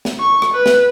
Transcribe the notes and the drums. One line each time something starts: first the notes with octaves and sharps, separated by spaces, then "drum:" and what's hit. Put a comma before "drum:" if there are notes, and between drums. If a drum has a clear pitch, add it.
drum: snare
C#6
drum: rim click
B4
drum: snare